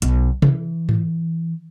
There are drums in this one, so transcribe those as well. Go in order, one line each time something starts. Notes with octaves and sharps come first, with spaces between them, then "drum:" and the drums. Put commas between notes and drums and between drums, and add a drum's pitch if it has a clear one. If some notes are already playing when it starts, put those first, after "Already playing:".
B1 B2, drum: hi-hat
E3, drum: tom C3
drum: tom G#2